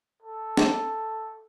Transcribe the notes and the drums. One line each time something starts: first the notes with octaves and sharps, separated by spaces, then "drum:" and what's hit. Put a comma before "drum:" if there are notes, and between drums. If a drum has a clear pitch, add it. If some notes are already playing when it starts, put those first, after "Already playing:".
A4
drum: snare